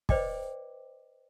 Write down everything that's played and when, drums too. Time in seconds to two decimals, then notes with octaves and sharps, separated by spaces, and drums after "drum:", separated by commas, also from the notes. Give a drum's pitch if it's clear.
0.09 B4 C5 D5 D#5 G5 D6, drum: kick